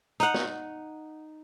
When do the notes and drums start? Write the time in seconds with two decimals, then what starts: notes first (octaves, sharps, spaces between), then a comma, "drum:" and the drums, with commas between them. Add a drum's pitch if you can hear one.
0.20 D#4 F#5, drum: hi-hat
0.34 drum: snare